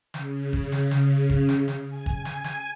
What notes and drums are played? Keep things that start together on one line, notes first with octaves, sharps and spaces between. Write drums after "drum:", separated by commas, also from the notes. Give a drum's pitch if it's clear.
C#3, drum: snare
drum: kick
drum: snare
drum: snare
drum: kick
drum: snare
drum: snare
G#5
drum: kick
drum: snare
drum: snare